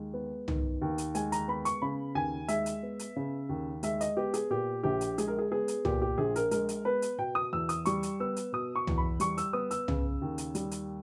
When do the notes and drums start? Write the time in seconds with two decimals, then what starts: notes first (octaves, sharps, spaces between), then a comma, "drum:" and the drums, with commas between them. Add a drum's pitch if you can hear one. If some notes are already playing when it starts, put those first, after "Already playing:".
Already playing: D#2 G#3
0.14 B3
0.48 D#3, drum: tom C2
0.82 D#2
0.98 drum: hi-hat
1.15 G#3 G#5, drum: hi-hat
1.32 A#5, drum: hi-hat
1.48 B3 B5
1.65 C#6, drum: hi-hat
1.82 C#3 B5
2.15 D#2 G#5
2.48 G#3 E5, drum: hi-hat
2.66 drum: hi-hat
2.83 B3
2.99 drum: hi-hat
3.16 C#3
3.49 D#2
3.83 G#3 E5, drum: hi-hat
4.01 D#5, drum: hi-hat
4.17 B3 G4
4.34 G#4, drum: hi-hat
4.50 A#2 G4
4.83 A#1 G4
5.01 drum: hi-hat
5.18 G#3 G#4, drum: hi-hat
5.28 A#4
5.39 G#4
5.52 B3 G#4
5.68 drum: hi-hat
5.85 A#2 G4, drum: tom C2
6.02 G4
6.18 A#1 G#4
6.36 A#4, drum: hi-hat
6.51 G#3 A#4, drum: hi-hat
6.69 drum: hi-hat
6.85 B3 B4
7.02 drum: hi-hat
7.18 B2 G5
7.35 D#6
7.53 E2 E6
7.69 D#6, drum: hi-hat
7.85 G3 C#6, drum: hi-hat
8.03 drum: hi-hat
8.20 B3 E6
8.36 drum: hi-hat
8.53 B2 D#6
8.76 C#6
8.87 E2, drum: tom C2
8.98 B5
9.20 G3 C#6, drum: hi-hat
9.38 E6, drum: hi-hat
9.53 B3 D#6
9.71 E6, drum: hi-hat
9.88 C#3, drum: tom C2
10.22 D#2
10.38 drum: hi-hat
10.55 G3, drum: hi-hat
10.71 drum: hi-hat